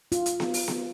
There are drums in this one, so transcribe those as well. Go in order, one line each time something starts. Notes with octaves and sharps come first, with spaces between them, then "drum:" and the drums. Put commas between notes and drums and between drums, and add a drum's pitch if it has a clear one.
F4, drum: hi-hat
drum: hi-hat
drum: snare B3
drum: open hi-hat
drum: snare B3